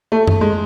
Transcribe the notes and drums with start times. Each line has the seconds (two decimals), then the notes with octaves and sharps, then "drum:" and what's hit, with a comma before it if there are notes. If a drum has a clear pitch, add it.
0.12 A3
0.27 drum: tom F#2
0.41 G#3